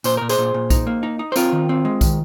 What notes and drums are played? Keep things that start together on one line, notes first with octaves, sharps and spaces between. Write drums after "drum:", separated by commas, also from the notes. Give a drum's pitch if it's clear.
A#2 C5, drum: tambourine
A#2 A#4
G#4 C5, drum: tambourine
A#2
A#2
D#4, drum: kick B1, tambourine
A#3
D#4
D#4
C5
C4 F4 A#4, drum: tambourine
D#3
C4
G#3
D#3, drum: kick B1, tambourine